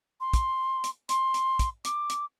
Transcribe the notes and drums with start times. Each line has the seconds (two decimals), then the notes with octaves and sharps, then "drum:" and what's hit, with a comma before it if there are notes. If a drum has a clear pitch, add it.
0.20 C6
0.34 drum: kick, hi-hat
0.84 drum: hi-hat
1.09 C6, drum: hi-hat
1.34 drum: hi-hat
1.59 drum: kick, hi-hat
1.85 D6, drum: hi-hat
2.10 drum: hi-hat